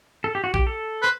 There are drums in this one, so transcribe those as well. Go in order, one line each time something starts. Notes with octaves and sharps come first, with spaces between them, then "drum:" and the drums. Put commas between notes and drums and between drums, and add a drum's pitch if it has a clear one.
A4
G4
F#4
G4, drum: kick A#1
A4
B4 C5